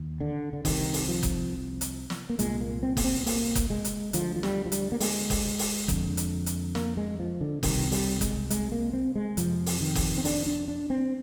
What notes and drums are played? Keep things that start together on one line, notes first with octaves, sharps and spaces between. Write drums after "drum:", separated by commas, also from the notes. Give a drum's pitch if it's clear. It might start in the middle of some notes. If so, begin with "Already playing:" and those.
Already playing: D#2
D3
D3
C2 C3 D#3, drum: kick F#1, open hi-hat
drum: open hi-hat
F3
drum: kick F#1, hi-hat
drum: hi-hat
drum: snare
A#3
C2 A#2 G#3, drum: hi-hat
A#3
C4
A#3, drum: kick F#1, open hi-hat
C4
C4
A#3, drum: open hi-hat
drum: kick F#1, hi-hat
G#3
drum: hi-hat
D2 D3 F3, drum: hi-hat
F3
G3, drum: snare
F3
G3, drum: hi-hat
A#3
G#3, drum: open hi-hat
drum: kick F#1, open hi-hat
drum: open hi-hat
F2 D3, drum: kick F#1, hi-hat
drum: hi-hat
drum: hi-hat
A#3, drum: snare
G#3
F3
D3
C2 C3 D#3, drum: kick F#1, open hi-hat
G3, drum: open hi-hat
G#3, drum: kick F#1, hi-hat
G#3, drum: hi-hat
A#3
C4
G#3
F2 C3 F3, drum: hi-hat
drum: open hi-hat
D#3
drum: kick F#1, open hi-hat
C4
D4, drum: open hi-hat
D4
D4
C4